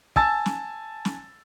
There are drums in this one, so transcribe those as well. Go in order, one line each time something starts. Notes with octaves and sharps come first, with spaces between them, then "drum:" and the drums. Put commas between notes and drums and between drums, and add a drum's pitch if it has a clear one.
G#5 A5 E6 A6, drum: kick
drum: snare
drum: snare